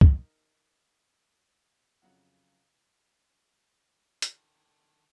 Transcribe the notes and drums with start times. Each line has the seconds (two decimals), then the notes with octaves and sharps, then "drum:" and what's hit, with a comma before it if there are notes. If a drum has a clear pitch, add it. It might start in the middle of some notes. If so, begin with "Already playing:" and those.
0.01 D#4 A#4, drum: kick
2.02 F2 C#3 F#3 F#5
4.22 D3 D#3, drum: hi-hat